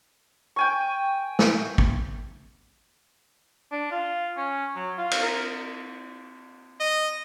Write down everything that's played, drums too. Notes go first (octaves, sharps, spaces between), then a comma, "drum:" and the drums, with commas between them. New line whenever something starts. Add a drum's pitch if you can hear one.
G5 G#5 C#6
drum: snare
drum: kick
D4
F4
C#4
F#3
F4
drum: cymbal
A#4
D#5